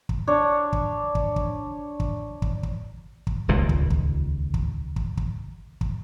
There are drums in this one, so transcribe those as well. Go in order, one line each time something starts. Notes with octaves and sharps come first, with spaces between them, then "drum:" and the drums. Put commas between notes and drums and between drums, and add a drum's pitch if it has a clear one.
drum: kick
D4 C#5
drum: kick
drum: kick
drum: kick
drum: kick
drum: kick
drum: kick
drum: kick
D#1 C#2 A#2
drum: kick
drum: kick
drum: kick
drum: kick
drum: kick
drum: kick